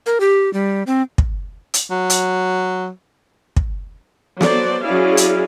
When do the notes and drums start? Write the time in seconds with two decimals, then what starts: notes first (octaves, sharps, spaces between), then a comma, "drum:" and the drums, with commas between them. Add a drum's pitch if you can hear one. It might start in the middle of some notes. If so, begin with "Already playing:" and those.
0.06 A#4
0.20 G4
0.53 G3
0.87 C4
1.18 drum: kick
1.74 drum: hi-hat
1.90 F#3
2.10 drum: hi-hat
3.57 drum: kick
4.41 F#3 B3 A4 C5 D5, drum: snare
4.85 F#3 C#4 E4 G#4 D5 F5
5.17 drum: hi-hat